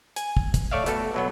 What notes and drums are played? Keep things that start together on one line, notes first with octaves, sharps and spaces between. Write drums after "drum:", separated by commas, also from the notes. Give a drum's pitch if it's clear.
G#5, drum: hi-hat
drum: kick
drum: kick, hi-hat
A3 C#5 D5 E5 F5
A3 B3 F#4 A4, drum: hi-hat
B2 F#3 B3